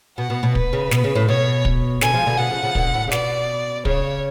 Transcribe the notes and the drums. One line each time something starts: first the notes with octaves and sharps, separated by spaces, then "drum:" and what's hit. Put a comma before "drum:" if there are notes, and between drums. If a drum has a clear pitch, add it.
B2 F#5
B2
B2
B4, drum: kick
C#3
B2, drum: snare
C#3
A2
B2 C#5
drum: kick
B2 D3 G#5, drum: snare
F3 G#3
B2 D3
B2 D3 F#5
C#3 F3
C#3 F3
B2 D3, drum: kick
A2
C#3
B2 D5, drum: snare
C#3 C#5, drum: kick